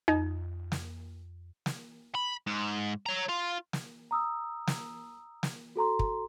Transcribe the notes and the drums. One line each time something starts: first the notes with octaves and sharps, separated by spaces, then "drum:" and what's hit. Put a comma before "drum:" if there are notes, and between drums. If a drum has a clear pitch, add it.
F2 D#4
drum: snare
drum: snare
B5
G#2
C#5 A#5
F4
drum: snare
A#5 D#6 E6
drum: snare
drum: snare
F#4 A4 A#5 C6
drum: kick